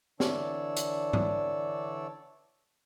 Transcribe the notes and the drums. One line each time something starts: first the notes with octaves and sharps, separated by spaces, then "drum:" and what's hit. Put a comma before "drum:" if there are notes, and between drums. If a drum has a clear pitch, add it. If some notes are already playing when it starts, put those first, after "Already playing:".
D3 E3 D4 C#5 D5 E6, drum: snare
drum: hi-hat
drum: tom G#2